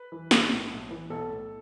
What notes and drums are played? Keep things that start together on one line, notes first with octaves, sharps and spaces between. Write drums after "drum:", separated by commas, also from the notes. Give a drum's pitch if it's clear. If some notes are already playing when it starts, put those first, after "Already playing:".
Already playing: B4
E3
B1, drum: snare
A2
B1
E3
B1 A4
A2